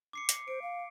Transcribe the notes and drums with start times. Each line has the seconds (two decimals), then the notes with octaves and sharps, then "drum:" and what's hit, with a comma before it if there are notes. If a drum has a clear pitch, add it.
0.13 D6 C7 C#7
0.29 drum: hi-hat
0.48 C5 D7
0.62 F5